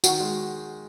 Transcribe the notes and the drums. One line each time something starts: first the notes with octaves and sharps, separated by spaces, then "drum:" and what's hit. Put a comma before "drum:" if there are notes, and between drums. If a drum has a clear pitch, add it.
D#3 F#4, drum: tambourine
G#3